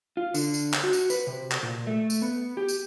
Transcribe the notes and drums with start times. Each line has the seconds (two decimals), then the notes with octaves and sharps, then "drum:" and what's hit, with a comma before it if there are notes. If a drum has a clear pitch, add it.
0.17 F4
0.34 D3, drum: tambourine
0.54 drum: tambourine
0.73 drum: clap
0.84 F#4
0.93 drum: tambourine
1.10 B4, drum: tambourine
1.27 C3
1.51 drum: clap
1.63 A#2
1.87 A3
2.10 drum: tambourine
2.22 B3
2.57 G4
2.68 drum: tambourine